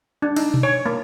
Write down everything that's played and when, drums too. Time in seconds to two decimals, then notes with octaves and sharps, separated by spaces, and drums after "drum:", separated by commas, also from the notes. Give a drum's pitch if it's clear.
0.22 D4
0.36 D#4, drum: cymbal
0.54 drum: tom B2
0.63 C#5
0.86 A#3